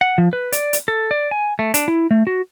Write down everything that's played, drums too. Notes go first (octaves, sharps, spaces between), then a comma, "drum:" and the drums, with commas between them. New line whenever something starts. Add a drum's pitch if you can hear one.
F#5
F3
B4
D5, drum: hi-hat
drum: hi-hat
A4
D5
G#5
A3
D4, drum: hi-hat
E4
A3
F#4